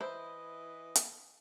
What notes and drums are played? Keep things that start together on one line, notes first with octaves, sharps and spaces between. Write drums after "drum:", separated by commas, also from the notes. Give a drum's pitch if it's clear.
E3 E4 C5 D#5
drum: hi-hat